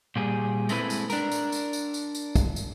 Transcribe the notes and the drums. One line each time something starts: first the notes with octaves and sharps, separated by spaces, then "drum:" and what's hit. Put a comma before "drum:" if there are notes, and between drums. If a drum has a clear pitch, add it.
A#2 G3 G#4
G#3 A3 C4 E4 B4, drum: tambourine
drum: tambourine
D4 A#4, drum: tambourine
drum: tambourine
drum: tambourine
drum: tambourine
drum: tambourine
drum: tambourine
drum: kick, tambourine
drum: tambourine